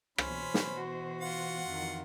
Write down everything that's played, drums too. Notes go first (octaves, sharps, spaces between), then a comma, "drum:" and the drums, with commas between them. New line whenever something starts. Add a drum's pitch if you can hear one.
B2 E3 C#4 C5 B5, drum: rim click
drum: snare
F#4
F4 F#5
F2 D#3 E3